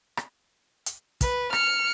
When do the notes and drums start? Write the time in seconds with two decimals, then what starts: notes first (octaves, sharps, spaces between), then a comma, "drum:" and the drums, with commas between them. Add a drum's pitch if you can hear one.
0.17 drum: rim click
0.86 drum: hi-hat
1.21 B4, drum: kick, hi-hat
1.53 F6 C#7, drum: rim click